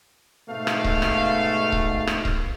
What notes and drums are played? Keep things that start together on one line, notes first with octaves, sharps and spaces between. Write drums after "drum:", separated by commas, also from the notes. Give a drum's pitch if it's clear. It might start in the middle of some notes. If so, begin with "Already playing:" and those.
G#2 B2 A3 F5
drum: rim click
drum: kick C#1
drum: rim click
drum: kick C#1
drum: rim click
drum: kick C#1